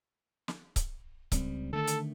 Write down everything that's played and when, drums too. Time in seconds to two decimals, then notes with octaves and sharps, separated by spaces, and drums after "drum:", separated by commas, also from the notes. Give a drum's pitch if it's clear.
0.48 drum: snare
0.76 drum: kick C#1, hi-hat
1.32 C#2 G3 C4, drum: kick C#1, hi-hat
1.73 D3 D#3 A3 A4
1.87 drum: hi-hat